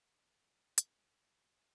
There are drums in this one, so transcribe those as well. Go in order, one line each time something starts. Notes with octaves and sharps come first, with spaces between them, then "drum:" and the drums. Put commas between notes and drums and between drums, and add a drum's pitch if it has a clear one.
D3 C4 F4
drum: hi-hat